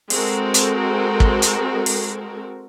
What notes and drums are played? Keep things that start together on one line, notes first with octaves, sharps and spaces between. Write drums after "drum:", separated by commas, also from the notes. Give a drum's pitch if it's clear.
G#3 C4 F#4 A4 A#4, drum: open hi-hat
drum: hi-hat
drum: kick
drum: hi-hat
drum: open hi-hat